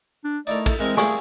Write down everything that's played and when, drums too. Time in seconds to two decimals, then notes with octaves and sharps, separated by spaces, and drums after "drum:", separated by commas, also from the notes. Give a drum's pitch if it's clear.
0.24 D4
0.47 A3 D#4 E4 A#4 D5
0.66 A4, drum: kick, cymbal
0.79 E3 G#3 C4 A#4 C#6
0.97 G3 A3 A#3 C4 G#4 G#5 C#6, drum: snare